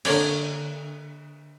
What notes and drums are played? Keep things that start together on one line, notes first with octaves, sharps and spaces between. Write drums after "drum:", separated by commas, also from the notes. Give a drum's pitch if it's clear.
D3 A#3 C#5 D5 G#5, drum: cymbal